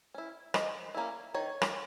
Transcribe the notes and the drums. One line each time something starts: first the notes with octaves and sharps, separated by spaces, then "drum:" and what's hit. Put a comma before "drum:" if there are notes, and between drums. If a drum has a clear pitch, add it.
C#4 E4
F3 D#5, drum: rim click
A#3 C#4 E4
D#3 C#5
drum: rim click